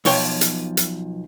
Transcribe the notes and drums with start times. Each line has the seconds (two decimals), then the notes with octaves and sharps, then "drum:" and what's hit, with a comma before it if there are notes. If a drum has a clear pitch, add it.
0.05 B1 F3 C#5 G5, drum: open hi-hat
0.41 drum: hi-hat
0.77 drum: hi-hat